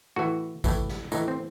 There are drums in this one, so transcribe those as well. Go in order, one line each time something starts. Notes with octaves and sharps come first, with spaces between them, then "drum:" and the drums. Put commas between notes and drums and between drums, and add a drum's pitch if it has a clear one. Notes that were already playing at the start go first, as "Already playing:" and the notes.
A2 E3 F#4
A2 E3, drum: kick G#1, tambourine
drum: snare
A2 E3 D#4, drum: tambourine
C4